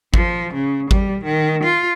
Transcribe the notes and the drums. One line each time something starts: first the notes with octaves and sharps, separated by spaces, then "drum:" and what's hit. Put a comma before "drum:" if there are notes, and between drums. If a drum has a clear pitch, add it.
F3, drum: kick G#1
C#3
G3, drum: kick G#1
D#3
F4